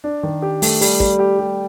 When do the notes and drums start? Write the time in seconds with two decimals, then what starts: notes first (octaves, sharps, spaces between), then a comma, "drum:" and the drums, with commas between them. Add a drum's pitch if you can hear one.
0.04 D4
0.23 D#3
0.42 G4
0.62 A3, drum: open hi-hat
0.81 G3, drum: open hi-hat
1.00 G3, drum: kick
1.19 G4
1.39 G3